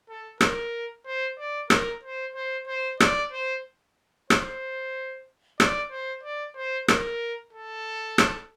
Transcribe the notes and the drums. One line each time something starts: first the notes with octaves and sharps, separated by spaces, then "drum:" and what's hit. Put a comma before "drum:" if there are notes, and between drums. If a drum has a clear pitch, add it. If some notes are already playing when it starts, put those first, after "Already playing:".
A4
A#4, drum: rim click
C5
D5
A#4, drum: rim click
C5
C5
C5
D5, drum: rim click
C5
C5, drum: rim click
D5, drum: rim click
C5
D5
C5
A#4, drum: rim click
A4
drum: rim click